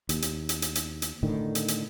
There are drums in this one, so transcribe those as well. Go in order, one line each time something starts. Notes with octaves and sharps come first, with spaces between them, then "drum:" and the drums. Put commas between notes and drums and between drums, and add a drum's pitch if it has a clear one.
D#2, drum: hi-hat
drum: hi-hat
drum: hi-hat
drum: hi-hat
drum: hi-hat
drum: hi-hat
A2 D3 D#3
drum: hi-hat
drum: hi-hat